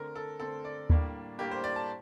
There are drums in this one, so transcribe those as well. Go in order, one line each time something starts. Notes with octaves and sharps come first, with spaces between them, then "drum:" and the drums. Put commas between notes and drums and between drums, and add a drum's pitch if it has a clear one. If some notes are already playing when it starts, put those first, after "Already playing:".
Already playing: D3 A3 C4 A#4
A4
D3 A3 C4 A4
D5
A2 G3 A#3 D4, drum: kick D#2
A2 G3 A#3 D4 G4
C5
D5
A5